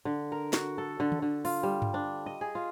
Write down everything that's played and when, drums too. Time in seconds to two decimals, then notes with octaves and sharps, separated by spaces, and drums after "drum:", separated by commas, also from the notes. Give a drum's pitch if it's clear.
0.05 D3
0.32 A#4
0.53 F#4, drum: snare
0.78 A4
1.00 D3
1.12 drum: tom
1.22 D3
1.45 F4, drum: open hi-hat
1.63 G3
1.82 drum: tom G2
1.94 D4
2.26 D#5
2.41 G#4
2.55 F4